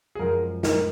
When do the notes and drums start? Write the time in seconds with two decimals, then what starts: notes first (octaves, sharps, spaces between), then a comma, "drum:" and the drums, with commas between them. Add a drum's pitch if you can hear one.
0.15 G#4
0.19 F#2 F3 G#3 A#4
0.63 A#4, drum: snare